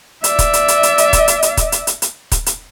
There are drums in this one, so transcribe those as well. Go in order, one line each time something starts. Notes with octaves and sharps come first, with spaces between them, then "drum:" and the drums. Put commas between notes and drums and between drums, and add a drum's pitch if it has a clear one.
D5 E5, drum: hi-hat
drum: kick, hi-hat
drum: hi-hat
drum: hi-hat
drum: hi-hat
drum: hi-hat
drum: kick, hi-hat
drum: hi-hat
drum: hi-hat
drum: kick, hi-hat
drum: hi-hat
drum: hi-hat
drum: hi-hat
drum: kick, hi-hat
drum: hi-hat